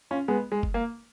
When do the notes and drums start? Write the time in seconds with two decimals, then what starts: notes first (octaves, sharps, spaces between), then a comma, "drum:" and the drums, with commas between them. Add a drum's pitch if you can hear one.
0.11 C#4 F4
0.28 G#3 B3
0.52 G#3
0.63 drum: kick
0.74 A#3